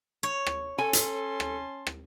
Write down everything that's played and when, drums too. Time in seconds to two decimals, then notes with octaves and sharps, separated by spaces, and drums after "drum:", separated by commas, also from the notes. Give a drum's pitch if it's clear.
0.23 C#5
0.46 drum: rim click
0.78 C#4 A4 G#5 A5 C6
0.93 drum: hi-hat
1.40 drum: rim click
1.87 drum: rim click